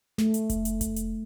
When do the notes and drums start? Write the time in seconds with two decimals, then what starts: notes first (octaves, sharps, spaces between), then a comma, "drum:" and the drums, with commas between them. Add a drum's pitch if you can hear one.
0.18 A3, drum: snare
0.34 drum: hi-hat
0.50 drum: kick F1, hi-hat
0.65 drum: hi-hat
0.81 drum: kick F1, hi-hat
0.96 drum: hi-hat